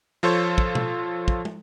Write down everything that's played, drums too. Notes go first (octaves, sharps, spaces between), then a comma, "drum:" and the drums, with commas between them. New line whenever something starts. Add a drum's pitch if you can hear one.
F3 F4 A4 C5 C#5
drum: kick
drum: tom B2
drum: kick
drum: tom